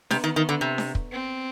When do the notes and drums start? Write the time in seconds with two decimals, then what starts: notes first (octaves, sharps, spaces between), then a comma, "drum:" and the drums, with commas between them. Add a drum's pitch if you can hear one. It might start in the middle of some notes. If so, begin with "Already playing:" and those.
0.10 C3 B3, drum: snare D4
0.24 D#3
0.36 D#3
0.49 D3
0.61 C3
0.78 drum: snare D4
0.95 drum: kick
1.12 C4